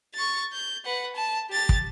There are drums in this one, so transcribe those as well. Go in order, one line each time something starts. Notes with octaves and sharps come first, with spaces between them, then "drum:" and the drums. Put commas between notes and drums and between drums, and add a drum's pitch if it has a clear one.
C#6 A6
G6
B4 F#5
A5
G4 A6
drum: kick